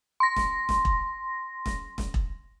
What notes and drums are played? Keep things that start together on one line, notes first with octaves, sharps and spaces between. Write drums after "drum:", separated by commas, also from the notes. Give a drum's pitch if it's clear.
C6 A#6
drum: snare
drum: snare
drum: kick E1
drum: snare
drum: snare
drum: kick E1